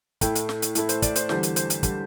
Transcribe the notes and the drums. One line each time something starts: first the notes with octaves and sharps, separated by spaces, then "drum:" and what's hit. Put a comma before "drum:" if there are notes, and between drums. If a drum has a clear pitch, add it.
A2 A3 E4 G5, drum: kick, hi-hat
drum: hi-hat
drum: snare
drum: hi-hat
A2 A3 E4, drum: hi-hat
C5, drum: hi-hat
D5, drum: kick, hi-hat
C5, drum: hi-hat
E2 D3 G3 C5, drum: snare
drum: hi-hat
C5, drum: hi-hat
drum: hi-hat
D3 G3, drum: kick, hi-hat